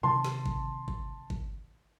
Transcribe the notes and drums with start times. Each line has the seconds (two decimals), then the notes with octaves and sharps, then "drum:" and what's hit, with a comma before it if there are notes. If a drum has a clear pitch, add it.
0.03 C3 D#3 A5 C6
0.24 drum: snare
0.46 drum: kick G1
0.88 drum: kick G1
1.30 drum: kick G1